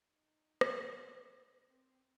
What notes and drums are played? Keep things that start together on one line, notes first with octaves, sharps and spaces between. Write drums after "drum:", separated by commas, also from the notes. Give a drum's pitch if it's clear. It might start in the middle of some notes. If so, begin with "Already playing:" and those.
D#4
drum: rim click
C4